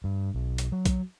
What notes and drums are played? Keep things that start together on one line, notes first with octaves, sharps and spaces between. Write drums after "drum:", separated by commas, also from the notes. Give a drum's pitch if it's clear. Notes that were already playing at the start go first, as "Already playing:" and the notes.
G2
B1
drum: hi-hat
F#3
drum: kick B1, hi-hat